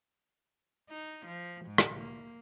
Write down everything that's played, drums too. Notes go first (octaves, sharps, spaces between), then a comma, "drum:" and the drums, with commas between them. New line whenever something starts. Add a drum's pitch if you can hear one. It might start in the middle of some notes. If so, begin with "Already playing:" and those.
D#4
F3
G#2
drum: rim click
A#3